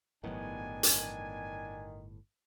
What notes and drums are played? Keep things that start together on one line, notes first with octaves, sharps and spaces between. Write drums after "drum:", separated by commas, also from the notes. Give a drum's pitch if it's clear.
G1 A2 D#3 E3 F#3 B3 D4 G#5
drum: hi-hat